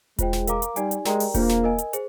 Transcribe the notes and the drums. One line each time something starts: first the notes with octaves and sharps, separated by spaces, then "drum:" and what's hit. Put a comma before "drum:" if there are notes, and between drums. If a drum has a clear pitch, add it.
G#3 F4 C5 G5, drum: kick E1, hi-hat
drum: snare
A#4 F5 A#5 D6, drum: hi-hat
drum: hi-hat
G3 D#4 G4 D5 G#5, drum: hi-hat
drum: hi-hat
G#3 G4 A#4 D5 G5 A#5, drum: snare
drum: open hi-hat
A#3 D4 F4 G#4 C5, drum: kick E1, hi-hat
drum: snare
A#4 D#5 G#5
drum: hi-hat
G#4 C5, drum: hi-hat